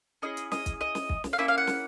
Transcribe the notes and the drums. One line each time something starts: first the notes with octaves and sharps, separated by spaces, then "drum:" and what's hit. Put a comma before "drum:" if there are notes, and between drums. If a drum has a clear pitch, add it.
C#4 E4 G#4 D#5
drum: hi-hat
D#5, drum: snare
drum: kick, hi-hat
D#5
drum: snare
drum: kick
drum: snare
F5
A#3 C#4 E4 E5
F5
F#5
drum: snare